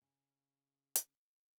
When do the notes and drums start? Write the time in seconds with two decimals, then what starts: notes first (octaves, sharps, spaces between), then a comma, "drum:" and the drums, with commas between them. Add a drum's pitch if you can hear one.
0.02 C#3
0.96 drum: hi-hat